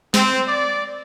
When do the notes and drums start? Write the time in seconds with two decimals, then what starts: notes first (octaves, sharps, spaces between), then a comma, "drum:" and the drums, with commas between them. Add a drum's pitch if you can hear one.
0.14 C4, drum: snare
0.47 D5